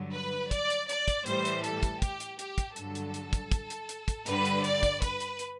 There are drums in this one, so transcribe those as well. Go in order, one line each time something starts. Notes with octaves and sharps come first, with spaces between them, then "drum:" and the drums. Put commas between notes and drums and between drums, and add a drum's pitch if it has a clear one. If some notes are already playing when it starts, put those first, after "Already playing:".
Already playing: G2 D3 F#3
B4
D5, drum: kick, hi-hat
drum: hi-hat
D5, drum: hi-hat
drum: kick, hi-hat
A2 E3 G3 C5, drum: hi-hat
drum: hi-hat
A4, drum: hi-hat
drum: kick, hi-hat
G4, drum: kick, hi-hat
drum: hi-hat
G4, drum: hi-hat
drum: kick, hi-hat
G2 D3 F#3 A4, drum: hi-hat
drum: hi-hat
drum: hi-hat
drum: kick, hi-hat
drum: kick, hi-hat
drum: hi-hat
drum: hi-hat
drum: kick, hi-hat
G2 D3 G3 B4, drum: hi-hat
drum: hi-hat
D5, drum: hi-hat
drum: kick, hi-hat
B4, drum: kick, hi-hat
drum: hi-hat
drum: hi-hat